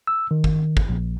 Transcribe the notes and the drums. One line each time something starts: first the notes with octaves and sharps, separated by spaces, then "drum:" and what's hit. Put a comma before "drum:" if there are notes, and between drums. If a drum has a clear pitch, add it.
E6
D#3
drum: kick
drum: kick
A#1